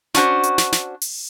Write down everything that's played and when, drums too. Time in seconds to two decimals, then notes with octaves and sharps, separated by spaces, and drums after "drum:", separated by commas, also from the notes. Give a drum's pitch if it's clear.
0.14 C#4 D4 F#4 C5, drum: snare
0.43 drum: hi-hat
0.58 drum: snare
0.72 drum: snare
1.01 drum: open hi-hat